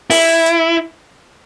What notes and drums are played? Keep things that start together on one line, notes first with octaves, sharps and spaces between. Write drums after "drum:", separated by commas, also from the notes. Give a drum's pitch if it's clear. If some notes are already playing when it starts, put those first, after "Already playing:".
E4, drum: open hi-hat
drum: hi-hat